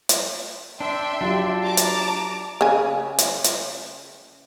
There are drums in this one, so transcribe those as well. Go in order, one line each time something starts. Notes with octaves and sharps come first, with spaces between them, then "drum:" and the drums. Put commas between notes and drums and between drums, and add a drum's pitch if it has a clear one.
drum: hi-hat
D4 E5 G5 C6
F#3 D4 F4 G4
A5 A#5 D6
drum: hi-hat
C#3 G#5
drum: hi-hat
drum: hi-hat